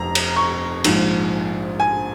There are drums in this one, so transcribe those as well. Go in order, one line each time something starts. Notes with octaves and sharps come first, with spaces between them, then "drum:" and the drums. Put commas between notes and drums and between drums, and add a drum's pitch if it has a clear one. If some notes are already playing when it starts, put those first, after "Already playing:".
Already playing: F1 F2 A#5
drum: cymbal
C#6
A#1 G#2 F3, drum: cymbal
G#5